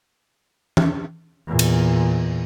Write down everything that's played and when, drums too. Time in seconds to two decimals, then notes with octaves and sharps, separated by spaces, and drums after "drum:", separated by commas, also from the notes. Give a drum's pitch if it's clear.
0.77 drum: tom E3
1.48 E2 A#2
1.59 drum: cymbal